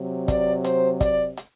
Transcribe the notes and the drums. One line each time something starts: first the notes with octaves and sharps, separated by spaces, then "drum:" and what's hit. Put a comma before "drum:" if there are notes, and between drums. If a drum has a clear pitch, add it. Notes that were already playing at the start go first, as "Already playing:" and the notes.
Already playing: C3 F#3
D5, drum: kick, hi-hat
C5, drum: hi-hat
D5, drum: kick, hi-hat
drum: hi-hat